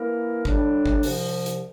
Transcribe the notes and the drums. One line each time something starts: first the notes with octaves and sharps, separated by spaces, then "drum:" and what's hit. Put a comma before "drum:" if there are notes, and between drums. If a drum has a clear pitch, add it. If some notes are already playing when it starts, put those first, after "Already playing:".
Already playing: E3 A#3 E4 A#4
A2 G3 D4, drum: kick G#1
drum: kick G#1
C2 C3 F3, drum: open hi-hat
drum: hi-hat